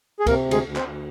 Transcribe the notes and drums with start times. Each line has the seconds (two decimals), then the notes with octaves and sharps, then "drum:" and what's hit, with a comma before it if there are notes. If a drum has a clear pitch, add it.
0.20 G#4
0.27 C3 A#3 A#4, drum: kick, cymbal
0.45 D2
0.51 G#3 G#4, drum: cymbal
0.64 D2
0.76 C4 C5, drum: clap
0.82 D2